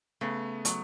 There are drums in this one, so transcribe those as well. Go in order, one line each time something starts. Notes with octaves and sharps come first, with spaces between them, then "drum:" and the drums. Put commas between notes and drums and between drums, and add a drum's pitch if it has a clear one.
C#3 A3 B3
F#3, drum: hi-hat